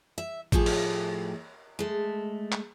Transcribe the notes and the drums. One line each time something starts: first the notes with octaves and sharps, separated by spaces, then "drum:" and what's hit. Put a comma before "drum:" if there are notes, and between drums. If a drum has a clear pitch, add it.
E5
A2 F3 A3 G4 G#4, drum: kick A1
drum: cymbal
G#3 A3
drum: clap